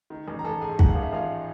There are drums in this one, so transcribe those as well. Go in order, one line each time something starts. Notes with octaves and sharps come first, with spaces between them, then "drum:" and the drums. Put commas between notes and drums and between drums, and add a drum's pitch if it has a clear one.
D#3
A1
A#5
A1 A4 A5
G#2 G#4 G#5
D#3 F#5, drum: kick
F5
A1
E5
A1 F4 F5